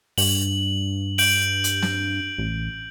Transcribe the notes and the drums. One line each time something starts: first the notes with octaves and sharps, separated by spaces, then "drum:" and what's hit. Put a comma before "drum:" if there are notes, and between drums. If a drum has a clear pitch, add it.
G2 F#7, drum: open hi-hat
G6 D7 F#7, drum: open hi-hat
drum: hi-hat
drum: snare
A1